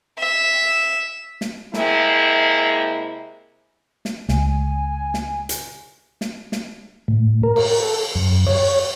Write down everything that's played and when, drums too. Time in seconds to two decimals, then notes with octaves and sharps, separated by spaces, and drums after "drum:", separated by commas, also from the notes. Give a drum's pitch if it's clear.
0.19 E5
1.41 drum: snare
1.74 C3 G#3 A#3 E4, drum: snare
4.05 drum: snare
4.29 C#2 G#5, drum: snare
5.14 drum: snare
5.49 drum: hi-hat
6.21 drum: snare
6.52 drum: snare
7.08 A2
7.43 A#4
7.56 drum: cymbal
7.83 A4
8.15 F#2
8.47 C#5, drum: cymbal